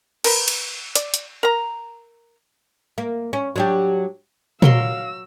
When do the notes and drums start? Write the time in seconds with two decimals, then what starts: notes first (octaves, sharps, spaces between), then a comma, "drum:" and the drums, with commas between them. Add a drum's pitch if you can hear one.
0.24 A#4 B4, drum: cymbal
0.48 drum: cymbal
0.95 D5, drum: hi-hat
1.14 drum: hi-hat
1.43 A#4 A#5
2.98 A#3
3.33 C#4
3.56 F#3 D4 G4
4.62 F#3 A#4 F5 C6 E6, drum: tom